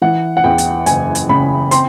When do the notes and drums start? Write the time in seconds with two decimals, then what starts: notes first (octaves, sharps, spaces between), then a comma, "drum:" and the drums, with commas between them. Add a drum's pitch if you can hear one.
0.02 E3 F#5
0.37 F#5
0.44 E2 G5
0.58 drum: hi-hat
0.86 F#1 G#5, drum: hi-hat
1.15 drum: hi-hat
1.29 C#3 B5
1.71 C4 C6, drum: hi-hat